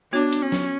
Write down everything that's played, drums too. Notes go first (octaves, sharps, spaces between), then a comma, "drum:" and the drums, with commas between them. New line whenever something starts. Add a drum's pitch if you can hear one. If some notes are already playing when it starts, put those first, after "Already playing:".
B3 D4 F#4 C#5
drum: hi-hat
C#4
drum: snare